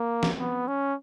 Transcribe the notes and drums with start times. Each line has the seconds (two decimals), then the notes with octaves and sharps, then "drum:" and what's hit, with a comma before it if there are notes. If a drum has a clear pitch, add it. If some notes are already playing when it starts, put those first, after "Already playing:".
Already playing: A#3
0.23 drum: snare
0.38 B3
0.68 C#4